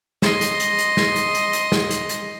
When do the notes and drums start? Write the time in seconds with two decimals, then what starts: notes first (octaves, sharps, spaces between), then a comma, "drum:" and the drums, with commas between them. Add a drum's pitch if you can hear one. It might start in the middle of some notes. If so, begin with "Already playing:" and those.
0.22 D#5 C6, drum: snare
0.41 drum: hi-hat
0.60 drum: hi-hat
0.78 drum: hi-hat
0.97 drum: snare
1.16 drum: hi-hat
1.34 drum: hi-hat
1.53 drum: hi-hat
1.72 drum: snare
1.91 drum: hi-hat
2.09 drum: hi-hat